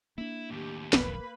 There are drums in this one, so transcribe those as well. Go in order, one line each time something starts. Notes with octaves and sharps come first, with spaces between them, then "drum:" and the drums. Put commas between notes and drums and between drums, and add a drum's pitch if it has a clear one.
A#3 D4 E4
D#2 A2 G4
E1 B1 F2 A#3 B4 B5, drum: snare